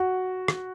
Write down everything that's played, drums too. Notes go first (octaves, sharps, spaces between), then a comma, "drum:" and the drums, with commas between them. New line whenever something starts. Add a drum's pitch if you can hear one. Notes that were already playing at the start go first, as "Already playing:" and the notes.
Already playing: F#4
drum: rim click